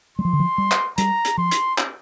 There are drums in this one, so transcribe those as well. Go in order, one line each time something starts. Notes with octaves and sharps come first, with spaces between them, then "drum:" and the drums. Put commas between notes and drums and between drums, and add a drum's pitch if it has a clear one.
G3 C6
F3
D3
F3
G3
drum: clap
G3 A#5, drum: hi-hat
drum: hi-hat
F3 C6
drum: hi-hat
drum: clap